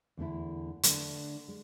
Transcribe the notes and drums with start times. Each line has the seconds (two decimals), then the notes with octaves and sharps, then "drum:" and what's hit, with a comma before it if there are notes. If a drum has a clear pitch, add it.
0.17 E2 D3 A3 E4
0.83 D3 A3 D4, drum: hi-hat
1.48 G#3